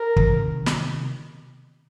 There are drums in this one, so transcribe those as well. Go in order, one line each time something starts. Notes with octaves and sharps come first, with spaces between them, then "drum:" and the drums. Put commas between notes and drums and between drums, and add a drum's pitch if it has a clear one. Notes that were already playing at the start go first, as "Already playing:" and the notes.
Already playing: A#4
C3 D#3, drum: kick
drum: snare